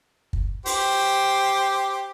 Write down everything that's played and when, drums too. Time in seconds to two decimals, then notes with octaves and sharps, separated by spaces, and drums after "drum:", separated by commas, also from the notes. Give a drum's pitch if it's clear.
0.33 drum: kick
0.66 G4 C5, drum: open hi-hat